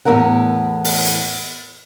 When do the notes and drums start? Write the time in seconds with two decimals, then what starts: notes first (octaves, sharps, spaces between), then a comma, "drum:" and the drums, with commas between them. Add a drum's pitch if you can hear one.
0.05 E2 A2 E3 B3 A#4 F#5
0.84 drum: open hi-hat
1.05 drum: hi-hat